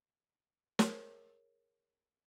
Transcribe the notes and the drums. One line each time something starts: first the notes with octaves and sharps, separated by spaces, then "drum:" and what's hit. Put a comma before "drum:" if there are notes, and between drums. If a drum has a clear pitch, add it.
G#4 A#4 C#5, drum: snare